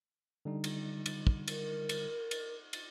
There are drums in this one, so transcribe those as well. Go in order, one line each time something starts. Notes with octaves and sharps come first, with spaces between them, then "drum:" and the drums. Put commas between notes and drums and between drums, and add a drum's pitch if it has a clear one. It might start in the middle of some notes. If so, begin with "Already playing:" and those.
D3 G3 D#4
drum: cymbal
drum: cymbal
drum: kick
A#4, drum: cymbal
drum: cymbal
drum: cymbal
drum: cymbal